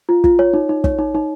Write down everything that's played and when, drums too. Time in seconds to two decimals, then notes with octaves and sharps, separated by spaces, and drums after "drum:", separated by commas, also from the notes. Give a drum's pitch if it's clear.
0.09 F4
0.24 F4, drum: kick
0.39 C#5
0.53 D#4
0.69 D#4
0.84 C#5, drum: kick
0.99 D#4
1.15 D#4